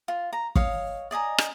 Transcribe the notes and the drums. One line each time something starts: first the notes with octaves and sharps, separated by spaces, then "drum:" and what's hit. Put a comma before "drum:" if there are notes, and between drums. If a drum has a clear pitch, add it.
F4
A#5
C#5 D#5 F5, drum: kick
D5 D#5 G#5 A#5
drum: rim click